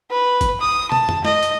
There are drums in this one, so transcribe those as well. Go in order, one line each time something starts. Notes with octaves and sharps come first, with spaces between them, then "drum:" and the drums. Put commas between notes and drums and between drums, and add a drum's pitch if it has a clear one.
B4
drum: kick, hi-hat
D#6
A5, drum: tom
drum: tom F2
D#5, drum: snare
drum: hi-hat